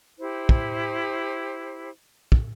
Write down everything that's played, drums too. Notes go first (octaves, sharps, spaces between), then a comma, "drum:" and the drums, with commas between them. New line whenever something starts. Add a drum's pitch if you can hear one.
E4 G4 C5
drum: kick
drum: kick